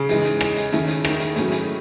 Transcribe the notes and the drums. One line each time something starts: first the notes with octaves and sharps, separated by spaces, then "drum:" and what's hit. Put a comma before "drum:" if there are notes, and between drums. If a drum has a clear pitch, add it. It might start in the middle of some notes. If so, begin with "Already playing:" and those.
Already playing: C#3
E3 G#3 D#4, drum: hi-hat
drum: hi-hat
drum: rim click
drum: hi-hat
D#3 A3 C#4 E4, drum: hi-hat
drum: hi-hat
D#3, drum: rim click
drum: hi-hat
A2 F#3 C#4, drum: hi-hat
drum: hi-hat